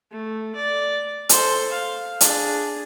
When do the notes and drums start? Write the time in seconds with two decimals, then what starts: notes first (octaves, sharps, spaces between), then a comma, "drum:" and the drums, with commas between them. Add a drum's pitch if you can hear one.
0.11 A3
0.55 D5
1.29 A4 C5, drum: hi-hat
1.72 F5
2.21 D4 G#4, drum: hi-hat